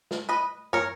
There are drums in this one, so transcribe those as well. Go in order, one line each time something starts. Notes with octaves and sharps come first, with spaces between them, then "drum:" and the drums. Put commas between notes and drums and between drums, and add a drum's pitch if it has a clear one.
drum: snare
B4 D#5
A#4 C#5, drum: tom